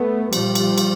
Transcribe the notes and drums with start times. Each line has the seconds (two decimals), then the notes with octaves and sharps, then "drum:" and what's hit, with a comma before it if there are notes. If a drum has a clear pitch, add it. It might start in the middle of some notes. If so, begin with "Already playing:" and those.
Already playing: A3 B3
0.33 A#2 F3 G3, drum: cymbal
0.55 drum: cymbal
0.78 drum: cymbal